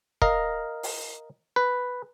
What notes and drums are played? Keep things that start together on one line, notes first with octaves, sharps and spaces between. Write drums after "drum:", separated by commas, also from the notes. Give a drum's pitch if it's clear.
A#4 D#5 F5, drum: kick
drum: open hi-hat
B4